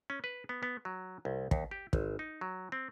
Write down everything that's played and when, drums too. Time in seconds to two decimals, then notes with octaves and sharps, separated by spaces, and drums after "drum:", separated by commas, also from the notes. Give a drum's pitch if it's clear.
0.10 C#4
0.24 B4
0.49 B3
0.63 B3
0.85 F#3
1.25 C2
1.51 D#2, drum: kick
1.71 G4
1.93 G#1, drum: kick
2.19 D#4
2.41 F#3
2.72 C4